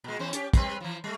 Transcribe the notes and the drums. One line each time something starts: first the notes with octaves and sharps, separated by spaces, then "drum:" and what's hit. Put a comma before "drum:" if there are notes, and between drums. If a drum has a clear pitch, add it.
A#2 G#3
E2 C#4 C5
C#4 G4, drum: hi-hat
G3 C4 B4, drum: kick, hi-hat
E3 F3
G3 A3